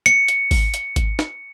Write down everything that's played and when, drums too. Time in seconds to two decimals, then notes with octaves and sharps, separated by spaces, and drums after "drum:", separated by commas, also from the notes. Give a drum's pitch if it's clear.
0.06 C#7, drum: hi-hat
0.28 drum: hi-hat
0.51 drum: kick G#1, open hi-hat
0.74 drum: hi-hat
0.96 drum: kick G#1, hi-hat
1.19 drum: snare